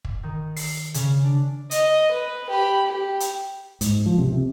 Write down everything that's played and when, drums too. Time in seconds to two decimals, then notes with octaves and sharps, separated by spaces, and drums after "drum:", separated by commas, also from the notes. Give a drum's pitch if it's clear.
0.05 drum: kick
0.23 D#3
0.56 C7, drum: open hi-hat
0.94 C#3, drum: hi-hat
1.24 D4
1.71 D#5, drum: hi-hat
2.11 B4
2.49 G4 B5
2.86 G4
3.20 drum: hi-hat
3.81 G#2, drum: hi-hat
4.06 F3
4.18 C3
4.32 C3